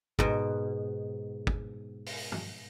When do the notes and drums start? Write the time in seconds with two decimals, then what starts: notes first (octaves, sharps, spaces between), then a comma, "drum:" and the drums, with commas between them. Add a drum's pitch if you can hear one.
0.19 G#2 B2, drum: kick
1.47 drum: kick
2.06 drum: open hi-hat
2.32 drum: tom G2